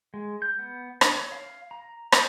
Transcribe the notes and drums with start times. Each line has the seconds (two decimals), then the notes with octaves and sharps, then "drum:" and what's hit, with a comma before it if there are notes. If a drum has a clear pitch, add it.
0.14 G#3
0.42 G6
0.59 B3
1.01 D4, drum: rim click
1.15 C#5
1.32 F5
1.71 A#5
2.12 C5, drum: rim click